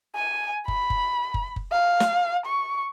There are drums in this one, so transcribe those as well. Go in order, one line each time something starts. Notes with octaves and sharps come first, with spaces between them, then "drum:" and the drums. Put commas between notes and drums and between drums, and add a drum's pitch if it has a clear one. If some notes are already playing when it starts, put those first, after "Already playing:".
G#5
B5, drum: kick
drum: kick
drum: kick
drum: kick
F5
drum: snare
C#6